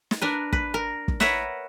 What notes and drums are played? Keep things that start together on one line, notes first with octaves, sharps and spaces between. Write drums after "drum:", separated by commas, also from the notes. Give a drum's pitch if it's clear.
drum: snare
D4 A#4 B4
B4, drum: kick
A#4
drum: kick
A#4 B4 C#5 E5 F#5, drum: snare